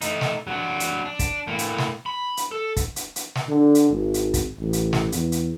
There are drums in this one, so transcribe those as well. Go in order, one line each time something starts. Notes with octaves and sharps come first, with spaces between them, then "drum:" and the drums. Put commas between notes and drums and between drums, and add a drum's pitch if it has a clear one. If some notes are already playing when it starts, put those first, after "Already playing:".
A3 D#4, drum: hi-hat
drum: snare
F#3 D4
drum: hi-hat
D4
drum: kick, hi-hat
A2 A#3
drum: hi-hat
drum: snare
B5
drum: hi-hat
A4
drum: kick, hi-hat
drum: hi-hat
drum: hi-hat
drum: snare
D3
drum: hi-hat
G#1
drum: hi-hat
drum: kick, hi-hat
A1
drum: hi-hat
drum: snare
E2, drum: hi-hat
drum: hi-hat